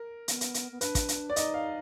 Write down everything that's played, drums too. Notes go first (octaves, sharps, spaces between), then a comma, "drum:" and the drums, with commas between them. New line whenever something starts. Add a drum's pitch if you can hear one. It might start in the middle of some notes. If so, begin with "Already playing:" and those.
Already playing: A#4
B3, drum: hi-hat
drum: hi-hat
drum: hi-hat
B3
D4 B4, drum: hi-hat
drum: kick, hi-hat
drum: hi-hat
D5
D#4 D#5, drum: hi-hat
F5